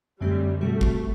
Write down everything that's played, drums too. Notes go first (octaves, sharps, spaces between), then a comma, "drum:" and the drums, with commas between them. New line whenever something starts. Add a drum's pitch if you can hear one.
F#2 D3 F#3 G3 A3 C4
B2 G3 A3 C4 F#4
drum: kick A1